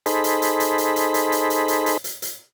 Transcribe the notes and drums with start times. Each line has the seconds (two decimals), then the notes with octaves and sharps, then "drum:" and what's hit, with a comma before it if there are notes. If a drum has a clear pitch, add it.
0.06 D#4 G#4 A4 C5 B5, drum: hi-hat
0.24 drum: hi-hat
0.42 drum: hi-hat
0.60 drum: hi-hat
0.78 drum: hi-hat
0.96 drum: hi-hat
1.14 drum: hi-hat
1.32 drum: hi-hat
1.50 drum: hi-hat
1.68 drum: hi-hat
1.86 drum: hi-hat
2.04 drum: hi-hat
2.22 drum: hi-hat